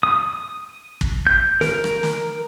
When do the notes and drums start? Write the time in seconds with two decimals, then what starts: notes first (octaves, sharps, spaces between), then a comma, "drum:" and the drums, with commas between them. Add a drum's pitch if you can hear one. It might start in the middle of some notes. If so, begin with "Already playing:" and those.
0.03 D#6
1.01 drum: kick
1.27 G6
1.61 A#4, drum: snare
1.84 drum: rim click
2.03 drum: snare